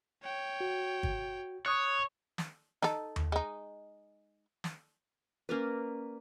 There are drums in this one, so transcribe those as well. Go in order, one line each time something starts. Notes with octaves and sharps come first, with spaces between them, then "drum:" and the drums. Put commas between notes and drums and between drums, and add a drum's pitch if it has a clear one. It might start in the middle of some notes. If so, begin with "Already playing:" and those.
C#5 G5
F#4
drum: kick
C#5 C#6 D#6 F#6
drum: snare
D#4 A4, drum: snare
drum: tom D#2
G#3 D#4
drum: snare
A#3 C#4 A#4 B4 D5